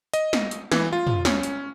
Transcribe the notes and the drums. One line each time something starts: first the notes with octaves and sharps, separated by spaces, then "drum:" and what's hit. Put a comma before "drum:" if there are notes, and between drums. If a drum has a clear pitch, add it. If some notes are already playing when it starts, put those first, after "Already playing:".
D#5, drum: hi-hat
drum: snare
drum: hi-hat
E3, drum: snare
F4
drum: tom
C#4, drum: snare
drum: hi-hat